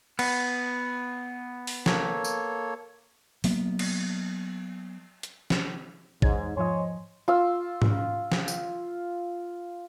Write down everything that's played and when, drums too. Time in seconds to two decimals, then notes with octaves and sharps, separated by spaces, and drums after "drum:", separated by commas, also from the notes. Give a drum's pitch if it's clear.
0.19 B3, drum: cymbal
1.67 drum: open hi-hat
1.86 A#3 A4 C#5, drum: snare
2.24 drum: tambourine
3.44 F#3 A#3 B3, drum: open hi-hat
3.79 drum: cymbal
5.23 drum: hi-hat
5.50 drum: snare
6.22 E2 G#2 C#5 G#6, drum: kick G#1
6.57 G#2 F3 C#5 D#5 G#5 C6
7.28 F4 E6
7.82 drum: tom G#2
8.32 drum: snare
8.48 drum: tambourine